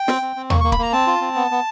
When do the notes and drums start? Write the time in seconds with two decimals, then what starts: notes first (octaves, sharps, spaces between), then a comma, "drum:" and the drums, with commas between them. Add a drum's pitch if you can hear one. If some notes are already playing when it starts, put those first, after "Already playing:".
Already playing: G5
0.08 C4, drum: snare
0.22 C4
0.36 C4
0.50 A#3 C#6, drum: tom D#2
0.60 A#3 C#6
0.72 B5, drum: kick
0.79 A#3 A#5
0.93 C4 A5
1.07 F4
1.21 C4
1.36 B3
1.51 B3